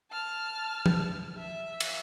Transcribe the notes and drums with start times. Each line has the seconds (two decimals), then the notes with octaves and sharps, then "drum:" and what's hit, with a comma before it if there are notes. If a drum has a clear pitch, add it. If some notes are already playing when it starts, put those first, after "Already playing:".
0.11 A5 F6
0.86 drum: tom
1.38 E5
1.80 drum: cymbal